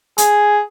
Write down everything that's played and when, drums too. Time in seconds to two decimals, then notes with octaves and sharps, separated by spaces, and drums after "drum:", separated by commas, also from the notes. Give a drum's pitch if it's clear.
0.18 G#4, drum: hi-hat